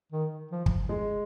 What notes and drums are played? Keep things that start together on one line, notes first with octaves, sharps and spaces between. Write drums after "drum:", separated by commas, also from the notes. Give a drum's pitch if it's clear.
D#3
F3
drum: kick
G#3